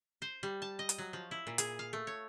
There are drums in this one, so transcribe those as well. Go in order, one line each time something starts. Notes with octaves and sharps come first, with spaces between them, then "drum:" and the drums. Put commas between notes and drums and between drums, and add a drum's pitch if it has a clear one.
C5
G3
A5
D#5
drum: hi-hat
F#3
F3
E4
A#2
G#4, drum: hi-hat
F5
A3
C#5